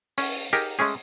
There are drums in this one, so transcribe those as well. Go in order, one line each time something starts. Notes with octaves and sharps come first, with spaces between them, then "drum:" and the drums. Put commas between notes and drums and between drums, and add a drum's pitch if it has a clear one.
C#4, drum: open hi-hat
D#4 G4 G#4 A#4
G#3 A3 C#4 G#4